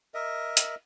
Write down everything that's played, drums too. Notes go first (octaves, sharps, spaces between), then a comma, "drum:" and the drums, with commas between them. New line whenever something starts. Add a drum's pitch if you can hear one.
A#4 D#5 E5
drum: hi-hat